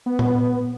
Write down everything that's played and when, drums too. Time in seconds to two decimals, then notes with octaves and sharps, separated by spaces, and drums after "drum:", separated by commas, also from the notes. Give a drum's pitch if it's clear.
0.06 B3
0.19 drum: tom A#2